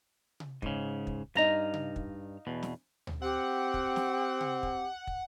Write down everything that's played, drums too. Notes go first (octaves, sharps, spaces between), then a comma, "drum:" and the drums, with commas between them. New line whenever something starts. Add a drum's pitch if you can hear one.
drum: tom C3
G#2 C#3, drum: kick
drum: kick
G2 D#4 F5 A#5
drum: tom C3
drum: kick
E2 B2
drum: snare
drum: tom D2
C4 G4 F#5
drum: kick
drum: snare
drum: tom C3
drum: kick
drum: kick